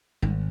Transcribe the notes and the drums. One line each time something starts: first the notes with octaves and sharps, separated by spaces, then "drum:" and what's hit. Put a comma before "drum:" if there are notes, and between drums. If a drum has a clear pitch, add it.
G#1, drum: tom G3